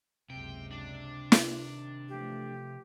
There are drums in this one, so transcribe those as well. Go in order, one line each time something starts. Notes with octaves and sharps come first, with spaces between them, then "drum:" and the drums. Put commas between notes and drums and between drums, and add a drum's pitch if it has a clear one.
F#1 C#2 G#2 C3 G5
D4
D#3, drum: snare
E3 F3 A3 G4